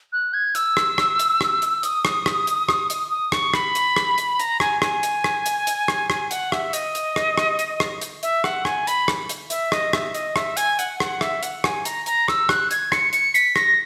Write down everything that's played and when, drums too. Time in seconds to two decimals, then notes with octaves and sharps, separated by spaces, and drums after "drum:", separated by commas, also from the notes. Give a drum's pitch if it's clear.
0.13 F#6
0.34 G#6
0.55 E6, drum: hi-hat
0.77 drum: rim click
0.98 drum: rim click
1.19 drum: hi-hat
1.41 drum: rim click
1.62 drum: hi-hat
1.83 D#6, drum: hi-hat
2.05 drum: rim click
2.26 drum: rim click
2.47 drum: hi-hat
2.69 drum: rim click
2.90 drum: hi-hat
3.11 D#6
3.32 C#6, drum: rim click
3.54 B5, drum: rim click
3.75 drum: hi-hat
3.96 drum: rim click
4.18 drum: hi-hat
4.39 A#5, drum: hi-hat
4.60 G#5, drum: rim click
4.82 G#5, drum: rim click
5.03 drum: hi-hat
5.24 drum: rim click
5.46 drum: hi-hat
5.67 drum: hi-hat
5.88 drum: rim click
6.10 drum: rim click
6.31 F#5, drum: hi-hat
6.52 E5, drum: rim click
6.73 D#5, drum: hi-hat
6.95 drum: hi-hat
7.16 drum: rim click
7.38 drum: rim click
7.59 drum: hi-hat
7.80 drum: rim click
8.01 drum: hi-hat
8.23 E5, drum: hi-hat
8.44 F#5, drum: rim click
8.65 G#5, drum: rim click
8.87 B5, drum: hi-hat
9.08 drum: rim click
9.29 drum: hi-hat
9.50 E5, drum: hi-hat
9.72 D#5, drum: rim click
9.93 E5, drum: rim click
10.14 D#5, drum: hi-hat
10.36 E5, drum: rim click
10.57 G#5, drum: hi-hat
10.79 F#5, drum: hi-hat
11.00 F#5, drum: rim click
11.21 E5, drum: rim click
11.43 F#5, drum: hi-hat
11.64 G#5, drum: rim click
11.85 A#5, drum: hi-hat
12.06 A#5, drum: hi-hat
12.28 E6, drum: rim click
12.49 F#6, drum: rim click
12.71 G#6, drum: hi-hat
12.92 C#7, drum: rim click
13.13 C#7, drum: hi-hat
13.35 B6, drum: hi-hat
13.56 A#6, drum: rim click